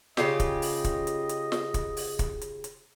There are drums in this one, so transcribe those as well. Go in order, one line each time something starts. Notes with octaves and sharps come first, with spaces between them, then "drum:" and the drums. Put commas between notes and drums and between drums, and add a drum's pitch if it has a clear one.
C#3 F4 G4 D#5, drum: snare
drum: kick, hi-hat
drum: open hi-hat
drum: kick, hi-hat
drum: hi-hat
drum: hi-hat
drum: snare
drum: kick, hi-hat
drum: open hi-hat
drum: kick, hi-hat
drum: hi-hat
drum: hi-hat